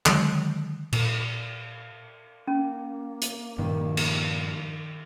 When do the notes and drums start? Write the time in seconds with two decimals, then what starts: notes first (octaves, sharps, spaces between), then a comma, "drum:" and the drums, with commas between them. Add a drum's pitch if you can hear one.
0.06 D3 D#3 F#3 G#3, drum: clap
0.93 A#2, drum: cymbal
2.48 A#3 C#4
3.22 drum: hi-hat
3.58 G2 A#2 D#3 F3
3.97 drum: cymbal